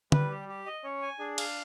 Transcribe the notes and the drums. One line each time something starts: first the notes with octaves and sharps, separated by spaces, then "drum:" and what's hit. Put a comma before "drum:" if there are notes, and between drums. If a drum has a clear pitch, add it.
G3 B4, drum: tom D3
G4
G4
D#5
C#4 C#5
G#5
D4 G#4
F5, drum: cymbal